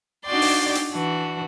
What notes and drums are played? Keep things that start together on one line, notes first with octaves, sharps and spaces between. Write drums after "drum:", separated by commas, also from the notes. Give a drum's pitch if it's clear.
D4 D#4 F#4 D5 G5 C6
drum: open hi-hat
drum: hi-hat
E3 D4 F#4